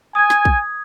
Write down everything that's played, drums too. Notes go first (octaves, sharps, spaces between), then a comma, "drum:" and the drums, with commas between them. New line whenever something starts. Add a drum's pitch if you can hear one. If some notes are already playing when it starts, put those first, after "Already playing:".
G#5 D#6 G#6
drum: snare
drum: kick A#1